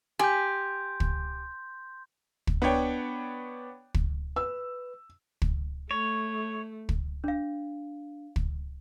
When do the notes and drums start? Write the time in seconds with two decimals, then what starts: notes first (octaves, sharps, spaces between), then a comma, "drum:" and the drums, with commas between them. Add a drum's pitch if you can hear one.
0.19 G4 G#5 C6 G6
1.00 drum: kick
2.47 drum: kick
2.62 B3 D4 C#5 G5
3.94 drum: kick
4.36 B4 E6
5.42 drum: kick
5.91 A3 C#5
6.89 drum: kick
7.24 D4 F5
8.36 drum: kick